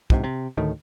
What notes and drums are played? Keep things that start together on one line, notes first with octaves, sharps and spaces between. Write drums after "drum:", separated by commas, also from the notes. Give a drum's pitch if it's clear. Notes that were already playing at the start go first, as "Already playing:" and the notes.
A#1 G#2 C3, drum: kick
C3
D2 A2 D#3 A3